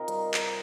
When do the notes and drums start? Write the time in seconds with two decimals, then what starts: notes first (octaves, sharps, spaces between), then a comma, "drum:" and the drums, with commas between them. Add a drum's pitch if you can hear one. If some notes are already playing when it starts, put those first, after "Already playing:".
Already playing: C3 D#4 F4 A#4 C5
0.08 G3, drum: hi-hat
0.34 drum: clap